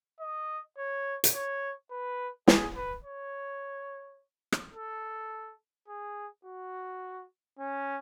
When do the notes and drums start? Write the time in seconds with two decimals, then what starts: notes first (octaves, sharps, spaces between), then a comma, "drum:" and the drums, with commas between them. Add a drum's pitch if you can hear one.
0.20 D#5
0.77 C#5
1.24 drum: hi-hat
1.33 C#5
1.91 B4
2.48 G#4, drum: snare
2.76 B4
3.04 C#5
4.52 drum: rim click
4.74 A4
5.88 G#4
6.45 F#4
7.58 C#4